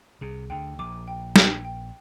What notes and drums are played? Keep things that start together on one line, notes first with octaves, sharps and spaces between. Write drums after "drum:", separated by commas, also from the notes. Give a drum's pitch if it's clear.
C2 C3 G#4
D2 D3 G5
A#1 A#2 D6
G5
G5, drum: snare
G5